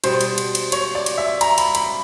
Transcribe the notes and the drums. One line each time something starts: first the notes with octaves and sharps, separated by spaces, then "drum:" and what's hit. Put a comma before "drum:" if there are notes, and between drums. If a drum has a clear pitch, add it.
B2 G3 C5, drum: cymbal
drum: cymbal
drum: cymbal
drum: cymbal
C#5, drum: cymbal
D5
drum: cymbal
E5
A#5, drum: cymbal
B5, drum: cymbal
B5, drum: cymbal